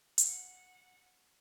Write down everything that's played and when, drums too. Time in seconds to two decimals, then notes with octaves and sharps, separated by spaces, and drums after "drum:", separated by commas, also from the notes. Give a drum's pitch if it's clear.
0.18 F#5, drum: hi-hat